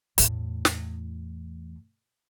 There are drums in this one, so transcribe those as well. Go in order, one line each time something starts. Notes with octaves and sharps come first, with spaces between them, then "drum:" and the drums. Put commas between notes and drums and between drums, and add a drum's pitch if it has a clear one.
E2 A2, drum: hi-hat
drum: snare